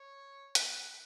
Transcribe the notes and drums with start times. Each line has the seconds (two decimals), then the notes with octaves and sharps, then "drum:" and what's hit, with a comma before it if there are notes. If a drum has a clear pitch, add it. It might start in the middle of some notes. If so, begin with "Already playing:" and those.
Already playing: C#5
0.55 F#6 B6, drum: hi-hat